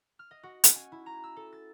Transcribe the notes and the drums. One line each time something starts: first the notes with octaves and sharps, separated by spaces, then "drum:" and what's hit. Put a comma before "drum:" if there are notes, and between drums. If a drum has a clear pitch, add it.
F6
D#5
F#4
C#4, drum: hi-hat
G#5
E4
A#5
E6
A4
A6